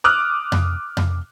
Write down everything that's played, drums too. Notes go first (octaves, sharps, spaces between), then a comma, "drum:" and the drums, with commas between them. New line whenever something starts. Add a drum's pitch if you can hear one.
D6 D#6 F6 F#6
drum: tom F2
drum: tom F2